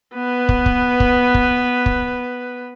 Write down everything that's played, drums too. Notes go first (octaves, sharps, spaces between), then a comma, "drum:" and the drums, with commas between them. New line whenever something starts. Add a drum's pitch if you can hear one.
B3 B4
drum: kick
drum: kick
drum: kick
drum: kick
drum: kick